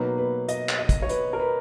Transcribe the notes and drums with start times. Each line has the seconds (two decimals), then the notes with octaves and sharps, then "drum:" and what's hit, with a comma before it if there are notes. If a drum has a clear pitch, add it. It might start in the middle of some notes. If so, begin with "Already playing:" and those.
Already playing: B2 F#3 A#3 D#4 B4
0.18 B4
0.48 D#5, drum: hi-hat
0.69 drum: clap
0.79 D#5
0.89 drum: kick, hi-hat
1.02 C#5
1.09 B4, drum: hi-hat
1.33 A#4
1.40 B4